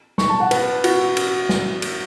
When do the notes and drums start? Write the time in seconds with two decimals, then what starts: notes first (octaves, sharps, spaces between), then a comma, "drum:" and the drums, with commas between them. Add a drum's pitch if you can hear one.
0.18 C#6, drum: snare
0.29 A5
0.40 F#5
0.51 B4, drum: cymbal
0.84 F#4, drum: cymbal
1.17 drum: cymbal
1.49 drum: snare
1.82 drum: cymbal